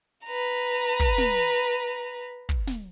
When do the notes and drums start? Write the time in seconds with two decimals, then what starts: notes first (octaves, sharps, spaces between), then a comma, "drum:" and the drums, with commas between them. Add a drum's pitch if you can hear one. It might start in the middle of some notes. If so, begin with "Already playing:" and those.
0.25 B4 A#5
1.00 drum: kick
1.18 drum: snare
2.49 drum: kick
2.67 drum: snare